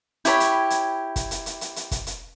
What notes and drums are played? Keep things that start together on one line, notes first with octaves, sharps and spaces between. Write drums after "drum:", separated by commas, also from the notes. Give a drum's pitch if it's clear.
E4 G4 C#5 B5, drum: hi-hat
drum: hi-hat
drum: hi-hat
drum: kick, hi-hat
drum: hi-hat
drum: hi-hat
drum: hi-hat
drum: hi-hat
drum: kick, hi-hat
drum: hi-hat